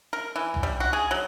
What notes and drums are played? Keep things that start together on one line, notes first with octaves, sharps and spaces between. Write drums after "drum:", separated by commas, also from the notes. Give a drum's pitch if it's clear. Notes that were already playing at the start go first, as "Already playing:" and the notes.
A#4
E3
drum: tom C2
G3
F#4
G#4
F#3